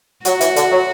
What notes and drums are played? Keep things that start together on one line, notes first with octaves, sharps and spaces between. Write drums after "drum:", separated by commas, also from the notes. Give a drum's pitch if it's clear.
F#3 F#4, drum: hi-hat
E3, drum: hi-hat
D3, drum: hi-hat
F#3